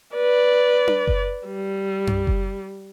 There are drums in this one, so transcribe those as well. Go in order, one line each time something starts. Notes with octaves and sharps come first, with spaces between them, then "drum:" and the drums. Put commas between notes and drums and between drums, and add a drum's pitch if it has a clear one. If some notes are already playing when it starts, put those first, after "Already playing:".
B4 D5
drum: tom D4
drum: kick F#1
G3
drum: tom F#2
drum: kick F#1